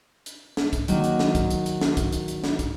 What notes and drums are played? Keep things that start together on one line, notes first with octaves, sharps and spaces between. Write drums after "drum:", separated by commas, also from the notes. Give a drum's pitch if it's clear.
drum: hi-hat
drum: snare
drum: kick, hi-hat
D#3 F#3 A#3, drum: hi-hat
drum: hi-hat
drum: snare
drum: kick, hi-hat
drum: hi-hat
drum: hi-hat
drum: snare
drum: kick, hi-hat
drum: hi-hat
drum: hi-hat
drum: snare
drum: kick, hi-hat